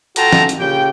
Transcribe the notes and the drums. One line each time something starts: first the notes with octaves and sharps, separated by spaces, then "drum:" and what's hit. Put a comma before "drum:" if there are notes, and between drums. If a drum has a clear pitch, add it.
F4 F#4 A4 G5 A5 A#5, drum: hi-hat
drum: snare
drum: hi-hat
A#2 C#3 G4 G5